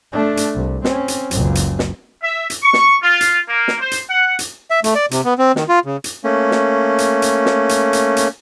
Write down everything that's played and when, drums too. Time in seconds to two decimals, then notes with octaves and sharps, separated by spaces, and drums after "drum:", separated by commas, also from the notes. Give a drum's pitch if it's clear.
0.13 A3 D4
0.37 drum: hi-hat
0.55 C2
0.84 C4 C#4, drum: snare
1.08 drum: hi-hat
1.31 F#1 C#2, drum: hi-hat
1.55 drum: hi-hat
1.79 drum: snare
2.23 E5
2.50 drum: hi-hat
2.63 C#6
2.73 drum: snare
3.03 F4
3.21 drum: hi-hat
3.49 A#3
3.68 drum: snare
3.80 C5
3.91 drum: hi-hat
4.10 F#5
4.39 drum: hi-hat
4.71 E5
4.84 A3, drum: hi-hat
4.95 D5
5.11 C3, drum: hi-hat
5.25 B3
5.39 C4
5.56 D#3, drum: snare
5.69 F4
5.85 C#3
6.04 drum: hi-hat
6.24 A3 A#3 C#4
6.51 drum: snare
6.98 drum: hi-hat
7.22 drum: hi-hat
7.46 drum: snare
7.69 drum: hi-hat
7.93 drum: hi-hat
8.17 drum: hi-hat